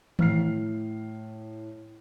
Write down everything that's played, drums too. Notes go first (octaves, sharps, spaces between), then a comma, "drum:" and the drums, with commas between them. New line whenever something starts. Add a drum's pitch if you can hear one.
A2 F6 C7, drum: tom D#3